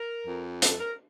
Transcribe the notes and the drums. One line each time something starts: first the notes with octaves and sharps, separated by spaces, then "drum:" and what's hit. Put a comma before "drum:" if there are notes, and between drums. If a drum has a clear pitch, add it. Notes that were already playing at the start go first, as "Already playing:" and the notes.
Already playing: A#4
F2
A4, drum: hi-hat
A#4